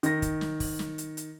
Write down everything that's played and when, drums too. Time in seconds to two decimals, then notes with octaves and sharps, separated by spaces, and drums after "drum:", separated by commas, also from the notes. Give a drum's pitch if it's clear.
0.03 D#3 A#6, drum: hi-hat
0.22 drum: kick, hi-hat
0.41 drum: snare
0.60 drum: kick, open hi-hat
0.79 drum: snare
0.98 drum: hi-hat
1.17 drum: hi-hat